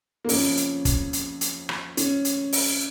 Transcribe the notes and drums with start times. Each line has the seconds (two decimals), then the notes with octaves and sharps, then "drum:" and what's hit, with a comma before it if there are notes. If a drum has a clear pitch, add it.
0.25 A#3
0.29 F2 C#3 F3 C#4, drum: open hi-hat
0.57 drum: hi-hat
0.85 drum: kick, hi-hat
1.13 drum: hi-hat
1.41 drum: hi-hat
1.69 drum: rim click
1.97 C#4, drum: hi-hat
2.25 drum: hi-hat
2.53 drum: open hi-hat